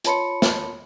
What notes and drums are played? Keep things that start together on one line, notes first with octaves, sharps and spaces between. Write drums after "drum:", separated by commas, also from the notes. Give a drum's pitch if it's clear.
F4 C#5 A5 B5 C6 C#7, drum: hi-hat
drum: snare